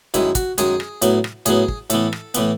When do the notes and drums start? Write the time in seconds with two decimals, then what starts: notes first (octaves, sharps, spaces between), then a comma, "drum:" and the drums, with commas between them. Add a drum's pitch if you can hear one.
0.14 F#2 D#3 G#3 E4, drum: hi-hat
0.35 F#4, drum: kick, hi-hat
0.58 F#2 D#3 G#3 G#4, drum: hi-hat
0.80 drum: rim click
1.02 A2 F#3 B3, drum: hi-hat
1.24 drum: rim click
1.46 A2 F#3 B3 G#4, drum: hi-hat
1.68 drum: kick
1.90 A2 E3 B3 A4, drum: hi-hat
2.13 drum: rim click
2.34 A2 E3 B3, drum: hi-hat